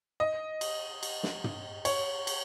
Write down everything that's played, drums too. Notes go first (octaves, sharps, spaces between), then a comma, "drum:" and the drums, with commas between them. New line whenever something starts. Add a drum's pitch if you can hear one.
D#5
drum: cymbal
drum: cymbal
drum: snare
drum: tom
C#5, drum: cymbal
drum: cymbal